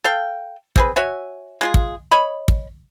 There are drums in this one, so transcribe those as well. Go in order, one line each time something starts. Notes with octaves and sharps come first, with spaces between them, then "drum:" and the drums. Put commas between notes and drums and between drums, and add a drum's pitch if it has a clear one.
A4 F5 G5
C4 G#4 B4, drum: kick
F#4 C#5 E5 G#5
G#3 F4 G#4
drum: kick
C#5 D#5 B5
drum: kick